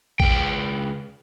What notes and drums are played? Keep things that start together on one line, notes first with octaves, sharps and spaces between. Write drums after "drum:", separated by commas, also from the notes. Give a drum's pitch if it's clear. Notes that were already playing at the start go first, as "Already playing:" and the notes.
C#2 G5, drum: kick